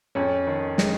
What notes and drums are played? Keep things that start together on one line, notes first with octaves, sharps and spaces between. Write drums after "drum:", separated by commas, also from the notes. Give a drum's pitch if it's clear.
F2 C#4
D#3
G#3, drum: snare